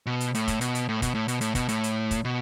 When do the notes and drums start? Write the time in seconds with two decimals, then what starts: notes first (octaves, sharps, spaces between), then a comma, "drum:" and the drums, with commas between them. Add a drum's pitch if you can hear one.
0.06 B2
0.20 drum: hi-hat
0.35 A2, drum: hi-hat
0.48 drum: kick, hi-hat
0.61 B2, drum: hi-hat
0.75 drum: hi-hat
0.89 A2
1.02 B2, drum: kick, hi-hat
1.15 A2
1.28 B2, drum: hi-hat
1.41 A2, drum: hi-hat
1.55 B2, drum: kick, hi-hat
1.69 A2, drum: hi-hat
1.84 drum: hi-hat
2.11 drum: kick, hi-hat
2.25 B2